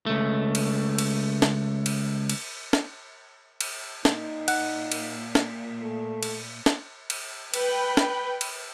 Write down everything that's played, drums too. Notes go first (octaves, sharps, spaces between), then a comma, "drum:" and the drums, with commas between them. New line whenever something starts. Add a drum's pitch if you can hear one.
C#2 A3
drum: cymbal
drum: cymbal
drum: snare
drum: cymbal
drum: cymbal
drum: snare
drum: cymbal
A#2 D#4, drum: snare
F#5, drum: cymbal
drum: cymbal
drum: snare
A3
drum: cymbal
drum: snare
drum: cymbal
B4 G5 B5, drum: cymbal
drum: snare
drum: cymbal